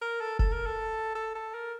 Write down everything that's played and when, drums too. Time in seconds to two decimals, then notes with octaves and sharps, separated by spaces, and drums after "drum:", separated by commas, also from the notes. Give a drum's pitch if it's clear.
0.02 A#4
0.21 A4
0.39 A4, drum: kick F1
0.53 A#4
0.66 A4
1.15 A4
1.35 A4
1.54 A#4